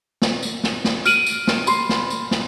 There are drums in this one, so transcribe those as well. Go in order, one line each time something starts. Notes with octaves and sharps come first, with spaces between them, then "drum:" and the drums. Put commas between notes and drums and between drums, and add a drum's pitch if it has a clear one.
drum: snare
drum: tambourine
drum: snare
drum: snare
F6 D7 D#7 F#7, drum: tambourine
drum: tambourine
drum: snare
B5 C6 C7, drum: tambourine
drum: snare
drum: tambourine
drum: snare